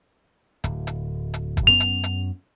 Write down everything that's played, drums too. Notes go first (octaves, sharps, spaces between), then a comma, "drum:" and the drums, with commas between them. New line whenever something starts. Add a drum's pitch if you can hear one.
D1, drum: hi-hat
drum: hi-hat
drum: hi-hat
drum: kick, hi-hat
F#2 B3 C#4 F7
drum: hi-hat
drum: hi-hat